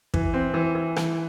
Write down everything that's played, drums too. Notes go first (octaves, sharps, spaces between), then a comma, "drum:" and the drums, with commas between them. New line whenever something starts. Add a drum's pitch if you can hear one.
E3, drum: kick
C4
E3
E3
E3, drum: rim click